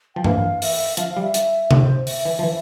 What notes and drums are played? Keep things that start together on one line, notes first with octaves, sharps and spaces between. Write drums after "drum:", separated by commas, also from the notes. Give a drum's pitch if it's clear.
F3 G5
E3 F5, drum: tom G2
E5, drum: open hi-hat
F3 F5, drum: hi-hat
F5
G3
E5
drum: hi-hat
drum: tom C3
C5
E5, drum: open hi-hat
E3
F3
E3